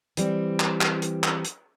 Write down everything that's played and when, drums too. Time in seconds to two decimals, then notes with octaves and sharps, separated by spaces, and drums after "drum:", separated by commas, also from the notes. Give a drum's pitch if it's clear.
0.17 E3 G3 C4, drum: hi-hat
0.60 drum: clap
0.81 drum: clap
1.02 drum: hi-hat
1.23 drum: clap
1.45 drum: hi-hat